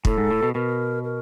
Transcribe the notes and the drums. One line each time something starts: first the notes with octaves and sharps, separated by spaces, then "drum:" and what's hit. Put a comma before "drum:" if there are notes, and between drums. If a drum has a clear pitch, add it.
A2 A4, drum: kick
G#2
A2
B2
B2 A#4
A#4